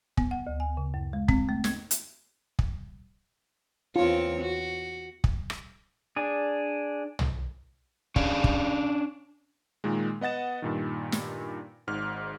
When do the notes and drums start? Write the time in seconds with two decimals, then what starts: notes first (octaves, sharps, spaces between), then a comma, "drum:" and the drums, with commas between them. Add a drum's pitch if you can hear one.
0.17 B3, drum: kick
0.31 F#5
0.47 D2
0.60 G#5
0.77 C#3
0.94 F#2
1.13 G#3
1.28 C4, drum: kick
1.49 A3
1.64 G#6, drum: snare
1.91 drum: hi-hat
2.59 drum: kick
3.96 E2 C4 F4 C#5
4.41 F#4
5.24 drum: kick
5.50 drum: rim click
6.16 D4 G#4
7.19 drum: tom
8.16 C#4 D4 F5, drum: kick
8.44 drum: kick
9.84 A#2 D#3 G#3
10.21 B3 D#5 F#5 A6 E7
10.62 G2 A#2 D#3
11.12 drum: snare
11.87 G#1 G#2 F6